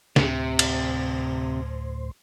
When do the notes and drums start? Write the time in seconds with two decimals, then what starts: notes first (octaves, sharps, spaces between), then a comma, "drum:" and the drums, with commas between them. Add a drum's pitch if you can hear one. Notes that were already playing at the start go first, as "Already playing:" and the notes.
0.16 D2 A2 C3 C5, drum: snare
0.59 drum: cymbal